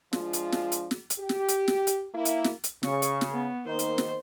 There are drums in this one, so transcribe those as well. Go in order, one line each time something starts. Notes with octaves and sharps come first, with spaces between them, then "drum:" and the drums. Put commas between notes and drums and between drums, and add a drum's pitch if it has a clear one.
F3 G#3 D4 F4, drum: snare
drum: hi-hat
drum: snare
drum: hi-hat
drum: snare
drum: hi-hat
G4
drum: snare
drum: hi-hat
drum: snare
drum: hi-hat
A#3 E4
drum: hi-hat
drum: snare
drum: hi-hat
C#3 C#6, drum: snare
drum: hi-hat
drum: snare
B3
D#3 A#3 D#4 C5
drum: hi-hat
drum: snare